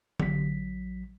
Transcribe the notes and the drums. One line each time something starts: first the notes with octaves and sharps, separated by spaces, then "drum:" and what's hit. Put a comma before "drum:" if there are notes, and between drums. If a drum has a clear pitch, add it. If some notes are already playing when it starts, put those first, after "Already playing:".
A1 F#3 B6, drum: tom D3